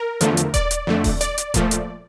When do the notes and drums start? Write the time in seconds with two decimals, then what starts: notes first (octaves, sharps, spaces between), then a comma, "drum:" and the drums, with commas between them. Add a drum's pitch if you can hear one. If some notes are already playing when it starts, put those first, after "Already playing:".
Already playing: A#4
0.21 E2 D3 F3 A3, drum: hi-hat
0.37 drum: hi-hat
0.54 D5, drum: kick D#1, hi-hat
0.71 drum: hi-hat
0.87 F2 D3 A3
1.04 drum: kick D#1, open hi-hat
1.21 D5, drum: hi-hat
1.38 drum: hi-hat
1.54 A#2 F3 A3, drum: kick D#1, hi-hat
1.71 drum: hi-hat